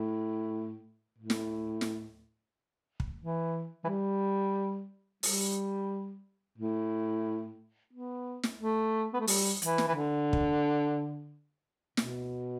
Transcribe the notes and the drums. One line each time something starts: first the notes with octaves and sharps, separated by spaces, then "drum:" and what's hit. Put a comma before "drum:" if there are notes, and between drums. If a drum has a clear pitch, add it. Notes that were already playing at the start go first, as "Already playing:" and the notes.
Already playing: A2
A2
drum: snare
drum: snare
drum: kick
E3
E3
G3
G3, drum: open hi-hat
A2
B3
drum: snare
A3
B3
A3
G3, drum: open hi-hat
E3, drum: hi-hat
drum: snare
E3
D3
drum: kick
B2, drum: snare